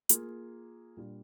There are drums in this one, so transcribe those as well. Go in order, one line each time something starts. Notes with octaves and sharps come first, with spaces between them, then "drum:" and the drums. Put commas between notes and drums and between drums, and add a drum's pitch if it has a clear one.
A#3 F4 G#4, drum: hi-hat
A#2 G3 D4 F4